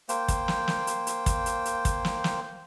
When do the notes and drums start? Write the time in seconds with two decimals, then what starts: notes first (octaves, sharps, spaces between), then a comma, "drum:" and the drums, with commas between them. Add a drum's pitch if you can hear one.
0.09 A#3 C5 G5, drum: hi-hat
0.28 drum: kick, hi-hat
0.48 drum: snare
0.68 drum: snare
0.87 drum: hi-hat
1.07 drum: hi-hat
1.26 drum: kick, hi-hat
1.46 drum: hi-hat
1.65 drum: hi-hat
1.85 drum: kick, hi-hat
2.05 drum: snare
2.24 drum: snare